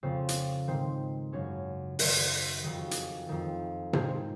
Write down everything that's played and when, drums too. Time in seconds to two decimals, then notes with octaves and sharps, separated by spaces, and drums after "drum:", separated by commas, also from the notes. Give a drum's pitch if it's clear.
0.03 F2 C#3 C4 C5
0.29 drum: hi-hat
0.68 G#2 D#3 C4 C5
1.33 F#2 C#3 C#4 C#5
1.99 F#2 D#3, drum: open hi-hat
2.63 F2 D#3 G#4
2.77 F#4
2.91 G#4, drum: hi-hat
3.29 F2 D#3
3.93 G#2 D#3 C4 C5, drum: tom C3